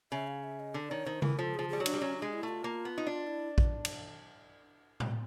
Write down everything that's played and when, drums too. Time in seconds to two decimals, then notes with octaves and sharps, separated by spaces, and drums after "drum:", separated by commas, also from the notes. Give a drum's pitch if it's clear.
0.12 C#3 E5
0.27 F5
0.44 E5
0.60 D#5
0.74 D3 D5
0.91 D#3 C#5
1.06 D#3 C5
1.22 E3 A#4, drum: tom C#3
1.38 F3 A4
1.54 F3 G#4
1.69 G3 G#4
1.80 F#3
1.86 D4, drum: cymbal
1.93 G3
2.01 F#3 C#4
2.17 G#3 D4
2.33 E4
2.43 A3
2.48 F4
2.64 A#3
2.85 B3
2.98 D#4
3.07 D4
3.27 E4
3.58 drum: kick A#1
3.85 drum: cymbal
5.00 drum: tom A2